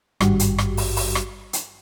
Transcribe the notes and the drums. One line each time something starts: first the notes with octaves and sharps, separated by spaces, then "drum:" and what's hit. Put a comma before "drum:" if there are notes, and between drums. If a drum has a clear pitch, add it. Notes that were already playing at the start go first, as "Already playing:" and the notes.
G#1 G2 G3 F#4 G4, drum: rim click
drum: hi-hat
drum: rim click
drum: open hi-hat
drum: open hi-hat
drum: rim click
drum: hi-hat